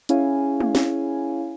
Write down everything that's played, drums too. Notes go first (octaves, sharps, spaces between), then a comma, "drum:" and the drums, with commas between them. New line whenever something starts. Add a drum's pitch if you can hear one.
C#4 E4 G#4 C#5 F5 G#5, drum: hi-hat
drum: tom G#3
drum: snare